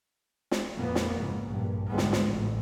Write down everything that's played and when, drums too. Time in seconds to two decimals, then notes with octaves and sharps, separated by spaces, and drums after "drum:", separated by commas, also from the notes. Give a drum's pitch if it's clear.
0.51 drum: snare
0.76 F2 A#2 A#3 B3
0.95 drum: snare
1.17 G#2 C#3
1.49 A#1 G2
1.88 D2 G#2 F3 G3 G#3 B3
1.98 drum: snare
2.12 drum: snare
2.27 A1